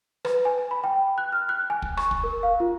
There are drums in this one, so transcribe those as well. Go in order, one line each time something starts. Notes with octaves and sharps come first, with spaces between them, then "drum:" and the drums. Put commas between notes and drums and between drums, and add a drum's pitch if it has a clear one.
B4, drum: rim click
G#5
B5
G5
F#6
F6
F#6
G#5
drum: kick
C#6, drum: rim click
drum: kick
A#4
F5
F4